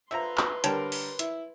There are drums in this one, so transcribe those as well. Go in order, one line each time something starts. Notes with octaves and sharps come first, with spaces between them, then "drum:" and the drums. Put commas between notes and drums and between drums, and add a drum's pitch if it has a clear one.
D3 F3 B4 E5 A#5 C6
drum: clap
D3 G3 A#4 C#5 G5 A5, drum: hi-hat
drum: open hi-hat
E4, drum: hi-hat